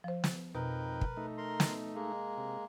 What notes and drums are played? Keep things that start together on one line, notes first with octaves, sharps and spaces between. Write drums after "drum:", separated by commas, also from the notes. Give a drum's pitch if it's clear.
F3 C5
drum: snare
F2 B2 D#4 A#4 B4 G5
drum: kick
A3 D#4
A#4 A#5 C6
drum: snare
G#3 A#3
C3